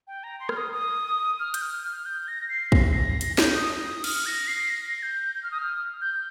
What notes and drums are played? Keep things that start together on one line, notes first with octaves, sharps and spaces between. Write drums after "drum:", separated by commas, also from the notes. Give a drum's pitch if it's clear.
G5
A#5
C6
F6, drum: rim click
D#6
D#6
F6
G6, drum: hi-hat
F6
F6
G6
A#6
C7
A#6, drum: kick
C7
A#6
drum: hi-hat
G6, drum: snare
D#6
D#6
F6, drum: cymbal
A#6
C7
A#6
G6
G6
F6
D#6
F6
G6